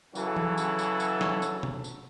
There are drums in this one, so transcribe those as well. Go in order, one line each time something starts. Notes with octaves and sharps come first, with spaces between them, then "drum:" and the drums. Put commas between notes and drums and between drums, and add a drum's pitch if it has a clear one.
C#3 E3 F#3 F#4 G#4 A4, drum: tambourine
drum: tom E3
drum: tambourine
drum: tambourine
drum: tambourine
drum: snare
drum: tambourine
drum: tom B2
drum: tambourine